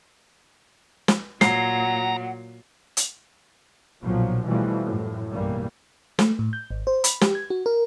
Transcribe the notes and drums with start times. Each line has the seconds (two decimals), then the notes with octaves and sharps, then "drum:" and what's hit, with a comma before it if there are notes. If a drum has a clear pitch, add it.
1.08 drum: snare
1.41 A#2 F#3 F#5 A#5 C7, drum: snare
2.97 drum: hi-hat
4.00 B1 A#2 F3 F#3
4.47 B2 E3 F3 G3 A3
4.84 F#2 A2
5.30 B1 G2 E3 G3 A#3
6.19 A3, drum: snare
6.39 A2
6.53 G6
6.71 G#1
6.87 C5
7.04 B5, drum: hi-hat
7.21 G4, drum: snare
7.35 G#6
7.50 F#4
7.66 A#4